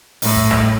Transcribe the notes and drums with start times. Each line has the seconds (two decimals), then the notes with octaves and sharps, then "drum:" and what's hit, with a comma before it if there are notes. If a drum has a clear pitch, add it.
0.22 A2, drum: open hi-hat
0.36 drum: kick
0.51 drum: snare